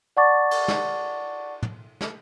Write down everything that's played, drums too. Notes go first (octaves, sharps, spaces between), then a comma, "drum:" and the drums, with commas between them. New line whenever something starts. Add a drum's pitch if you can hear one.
D5 F#5 A5 C#6 D6 A6
drum: cymbal
drum: snare
drum: tom
drum: snare